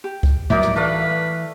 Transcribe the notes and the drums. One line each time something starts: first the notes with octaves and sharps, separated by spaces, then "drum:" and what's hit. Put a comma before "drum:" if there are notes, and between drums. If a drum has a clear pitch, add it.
G4
drum: kick C2
A2 F#3 G3 A#3 D#4 F#4 D5 E5
drum: rim click
E3 A3 B4 D5 F5